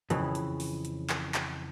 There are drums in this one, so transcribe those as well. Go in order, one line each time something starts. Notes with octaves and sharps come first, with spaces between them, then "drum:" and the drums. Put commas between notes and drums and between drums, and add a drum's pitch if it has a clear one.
F2 C#3 E3, drum: hi-hat
drum: hi-hat
drum: open hi-hat
drum: hi-hat
drum: clap
drum: clap